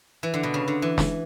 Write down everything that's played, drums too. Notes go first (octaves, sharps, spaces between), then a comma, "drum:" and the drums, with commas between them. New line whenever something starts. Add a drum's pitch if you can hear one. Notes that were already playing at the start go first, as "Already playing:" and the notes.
E3
D3
B2
C#3
D3
E3
drum: snare